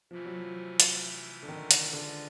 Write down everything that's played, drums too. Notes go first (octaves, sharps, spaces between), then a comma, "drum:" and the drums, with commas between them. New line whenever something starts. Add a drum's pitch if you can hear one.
C3 E3 F3 A3 C#4 E4
F#3
F3
drum: hi-hat
D3
D#3
drum: hi-hat
D3 G#3 C#4 F4 G#4 B4